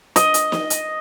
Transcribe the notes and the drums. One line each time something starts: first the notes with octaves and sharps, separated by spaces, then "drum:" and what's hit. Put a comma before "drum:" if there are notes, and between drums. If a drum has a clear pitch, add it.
D#5, drum: hi-hat
drum: hi-hat
drum: snare
drum: hi-hat